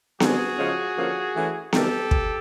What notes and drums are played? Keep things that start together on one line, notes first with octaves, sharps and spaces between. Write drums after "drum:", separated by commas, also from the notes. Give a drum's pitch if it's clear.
D3 G3 C4 F#4 G#4, drum: snare B3
C#3 F3 G#3 C#4
D3 F3 A#3 C#4
E3 A3 C#4
C3 D#3 G3 A#3 G4 A4, drum: snare B3
drum: kick